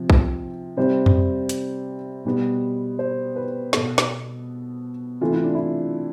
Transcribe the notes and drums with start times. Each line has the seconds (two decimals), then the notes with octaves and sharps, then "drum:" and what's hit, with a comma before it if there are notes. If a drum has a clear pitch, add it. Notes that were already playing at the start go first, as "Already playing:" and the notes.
Already playing: C3 F3
0.10 drum: kick A#1
0.77 C3 G3 C4 C5
1.06 drum: tom F2
1.49 drum: hi-hat
2.25 B2 G3 B3
2.99 C5
3.36 B4
3.73 B2 B3 A4, drum: snare
3.98 drum: snare
5.21 C3 E3 A3 F4
5.32 E4
5.44 D4
5.55 E4